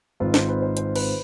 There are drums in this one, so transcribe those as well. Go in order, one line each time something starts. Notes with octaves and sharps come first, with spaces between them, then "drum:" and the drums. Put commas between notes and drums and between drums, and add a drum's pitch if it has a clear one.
G#1 G#2 G#3 C4 F4 B4
C5, drum: snare
B4
C5
C5, drum: hi-hat
B4, drum: cymbal